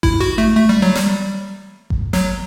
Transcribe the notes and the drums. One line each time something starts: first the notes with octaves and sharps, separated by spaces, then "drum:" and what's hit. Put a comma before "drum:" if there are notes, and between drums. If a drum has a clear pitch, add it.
E4, drum: kick G#1
F#4
A3
A3
G3
F#3
G3, drum: snare
drum: kick G#1
F#3, drum: snare